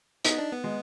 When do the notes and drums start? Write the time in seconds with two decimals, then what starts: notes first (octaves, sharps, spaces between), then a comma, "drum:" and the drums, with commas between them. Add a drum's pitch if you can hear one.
0.25 B3 D#4, drum: hi-hat
0.38 D4
0.53 B3
0.64 G#3